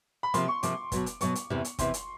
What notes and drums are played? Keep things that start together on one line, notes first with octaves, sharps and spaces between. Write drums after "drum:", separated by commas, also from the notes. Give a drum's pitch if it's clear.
B5
C3 F3 A#3 C6, drum: hi-hat
C#6
C3 F3 A#3 D6, drum: hi-hat
B2 F#3 B3, drum: kick, hi-hat
drum: hi-hat
B2 F#3 B3 C#6, drum: hi-hat
drum: hi-hat
E2 C3 E3
drum: hi-hat
E2 C3 E3 C6, drum: kick, hi-hat
drum: hi-hat